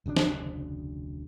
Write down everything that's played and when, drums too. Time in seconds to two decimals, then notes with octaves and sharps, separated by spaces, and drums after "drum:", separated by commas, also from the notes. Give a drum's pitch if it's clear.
0.06 F1 D2 C#3 D4
0.17 drum: snare